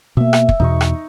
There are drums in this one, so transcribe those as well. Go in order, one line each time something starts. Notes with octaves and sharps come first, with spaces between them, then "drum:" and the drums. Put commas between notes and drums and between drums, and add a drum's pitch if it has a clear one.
B2 A#3 E5
drum: rim click
drum: kick
E2 B2 D#4 C#6
drum: rim click